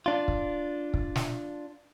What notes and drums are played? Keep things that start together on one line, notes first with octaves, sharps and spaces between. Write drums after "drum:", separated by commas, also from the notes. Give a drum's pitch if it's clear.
D4 F4
drum: kick
drum: kick
drum: snare